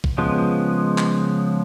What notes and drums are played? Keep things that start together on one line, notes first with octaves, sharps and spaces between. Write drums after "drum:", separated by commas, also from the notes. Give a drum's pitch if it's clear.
drum: kick
C#3 F3 G#3 B3
drum: clap